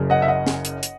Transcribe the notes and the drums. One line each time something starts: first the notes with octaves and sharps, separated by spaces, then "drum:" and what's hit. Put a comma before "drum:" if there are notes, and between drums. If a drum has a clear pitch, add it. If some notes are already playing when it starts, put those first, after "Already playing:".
Already playing: F#1 F#2 C#3
D#5 F#5
E5
D#5 F#5
drum: snare
drum: hi-hat
drum: hi-hat